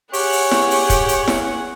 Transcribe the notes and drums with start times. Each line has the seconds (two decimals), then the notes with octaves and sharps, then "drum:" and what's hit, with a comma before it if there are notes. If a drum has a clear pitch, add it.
0.13 G4 G#4 C#5 F#5, drum: open hi-hat
0.32 drum: open hi-hat
0.51 drum: snare E4
0.71 drum: open hi-hat
0.90 drum: kick, hi-hat
1.09 drum: hi-hat
1.28 drum: snare E4